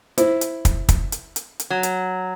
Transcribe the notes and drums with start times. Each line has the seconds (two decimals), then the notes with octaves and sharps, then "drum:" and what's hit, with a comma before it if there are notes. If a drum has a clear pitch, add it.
0.18 E4 C5, drum: hi-hat
0.41 drum: hi-hat
0.65 drum: kick, hi-hat
0.89 drum: kick, hi-hat
1.12 drum: hi-hat
1.36 drum: hi-hat
1.60 drum: hi-hat
1.70 F#3
1.83 drum: hi-hat